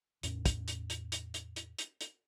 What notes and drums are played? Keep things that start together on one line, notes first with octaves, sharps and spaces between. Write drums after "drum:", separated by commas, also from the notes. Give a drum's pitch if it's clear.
E2 A2 C#4, drum: hi-hat
drum: kick, hi-hat
drum: hi-hat
drum: hi-hat
drum: hi-hat
drum: hi-hat
drum: hi-hat
drum: hi-hat
drum: hi-hat